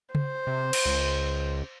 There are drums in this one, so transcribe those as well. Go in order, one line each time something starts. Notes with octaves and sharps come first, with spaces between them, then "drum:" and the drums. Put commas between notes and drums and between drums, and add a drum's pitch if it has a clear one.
C5, drum: tom C#3
C3
drum: cymbal
C#2